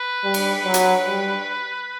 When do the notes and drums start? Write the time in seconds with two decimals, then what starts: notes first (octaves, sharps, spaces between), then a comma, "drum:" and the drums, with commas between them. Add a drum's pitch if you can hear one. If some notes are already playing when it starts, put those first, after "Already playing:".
Already playing: B4
0.24 G3
0.34 drum: cymbal
0.65 F#3
0.74 drum: hi-hat
1.06 G3